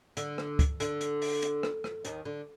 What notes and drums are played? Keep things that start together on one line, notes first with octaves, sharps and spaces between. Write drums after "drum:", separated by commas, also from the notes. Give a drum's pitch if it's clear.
D3, drum: hi-hat
drum: rim click
drum: kick C#2, hi-hat
D3, drum: hi-hat
drum: hi-hat
drum: open hi-hat
drum: hi-hat
drum: rim click
drum: rim click
D#2 D#3, drum: hi-hat
D3